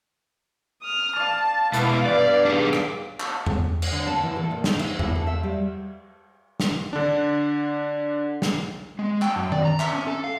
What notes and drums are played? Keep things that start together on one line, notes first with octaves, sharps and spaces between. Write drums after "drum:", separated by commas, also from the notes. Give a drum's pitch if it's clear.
D#6 F6
D5 F5 A5
B2 G#3 B3 E4 A4 F5 D6, drum: hi-hat
G2 G4 D5
D4 D#4 G#4
drum: rim click
drum: clap
drum: tom E2
drum: cymbal
D3
A5
E3
A4
A#2
D#4, drum: snare
E5, drum: cymbal
E4, drum: tom E2
A4
E5
G3
drum: snare
D3 D4
drum: snare
G#3
G5, drum: clap
F#2
D5, drum: tom D#3
A#5
E5, drum: clap
C#4
A4
F5